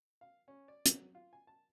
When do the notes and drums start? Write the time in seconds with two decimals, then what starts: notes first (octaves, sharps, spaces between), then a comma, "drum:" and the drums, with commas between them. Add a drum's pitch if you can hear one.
0.21 F5
0.48 C#4
0.68 D5
0.86 drum: hi-hat
0.95 F#3
1.15 F4
1.33 G#5
1.47 A5